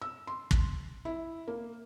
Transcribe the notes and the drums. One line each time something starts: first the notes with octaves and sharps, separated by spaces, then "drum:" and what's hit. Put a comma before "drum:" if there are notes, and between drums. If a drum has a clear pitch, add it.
E6
C6
drum: kick
E4
A#3